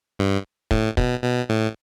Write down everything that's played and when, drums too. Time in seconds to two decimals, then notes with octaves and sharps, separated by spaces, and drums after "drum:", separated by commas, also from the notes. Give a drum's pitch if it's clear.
0.19 G2
0.71 A2, drum: kick
0.97 B2, drum: kick
1.23 B2
1.49 A2